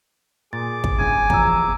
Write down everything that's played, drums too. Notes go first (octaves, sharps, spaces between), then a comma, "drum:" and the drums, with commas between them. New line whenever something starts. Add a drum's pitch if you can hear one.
A#2 G#4 D6 A6
drum: kick
G2 C#3 E4 G#5
A1 E2 F3 A#5 E6, drum: kick